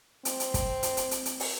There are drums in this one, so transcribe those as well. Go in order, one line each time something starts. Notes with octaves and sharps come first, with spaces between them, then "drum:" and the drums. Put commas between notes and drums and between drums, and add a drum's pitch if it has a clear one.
C4, drum: hi-hat
drum: hi-hat
drum: kick, hi-hat
drum: hi-hat
drum: hi-hat
drum: hi-hat
drum: hi-hat
drum: open hi-hat